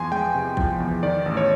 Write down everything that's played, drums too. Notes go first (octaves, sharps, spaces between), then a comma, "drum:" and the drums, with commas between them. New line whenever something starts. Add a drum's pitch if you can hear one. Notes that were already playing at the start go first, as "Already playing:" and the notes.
Already playing: E2 F3 G#5 C6
G#3 G5
C3
F3, drum: kick
E2
D#3 D5
A1
C#5